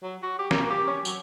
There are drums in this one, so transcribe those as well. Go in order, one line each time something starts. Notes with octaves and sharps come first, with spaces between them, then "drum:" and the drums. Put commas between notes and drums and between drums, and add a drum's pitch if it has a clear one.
F#3
F#4
G4
A#3, drum: snare
G4
C#4
F#3, drum: tambourine